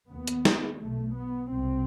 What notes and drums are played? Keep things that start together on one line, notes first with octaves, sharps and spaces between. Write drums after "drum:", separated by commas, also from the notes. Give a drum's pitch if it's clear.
D#2 B3
drum: hi-hat
drum: snare
B1 B2 A3
B3
C2 C3 C4